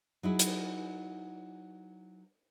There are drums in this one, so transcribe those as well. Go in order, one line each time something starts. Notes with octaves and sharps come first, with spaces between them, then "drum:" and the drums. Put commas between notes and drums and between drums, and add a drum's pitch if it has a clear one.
F#3 D#4 E4 G#4
drum: hi-hat